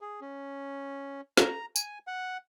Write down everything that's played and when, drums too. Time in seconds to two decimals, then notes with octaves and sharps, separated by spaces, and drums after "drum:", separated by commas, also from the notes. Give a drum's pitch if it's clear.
0.01 G#4
0.21 C#4
1.37 A#5, drum: snare
1.76 G#5, drum: tambourine
2.07 F#5